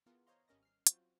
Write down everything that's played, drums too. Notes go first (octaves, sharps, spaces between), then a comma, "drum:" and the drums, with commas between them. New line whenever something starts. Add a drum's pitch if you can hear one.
E3 B3 F4 G#4 A#4
C5 C#5 D#5 F5 A#5 C6
G#1 G3 C#4 A#4 D#5 A#6
F6 C7
F#3 C4 F4 F#4 C5, drum: hi-hat